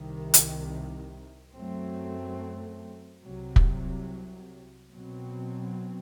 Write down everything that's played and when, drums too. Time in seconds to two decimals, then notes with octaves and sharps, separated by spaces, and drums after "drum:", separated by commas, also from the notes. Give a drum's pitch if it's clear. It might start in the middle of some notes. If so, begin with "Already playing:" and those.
Already playing: C2 C3 D#3
0.34 drum: hi-hat
1.56 F#2 F#3 A3 C4
3.24 C2 C3 F#3
3.56 drum: kick
4.92 B2 F#3 C4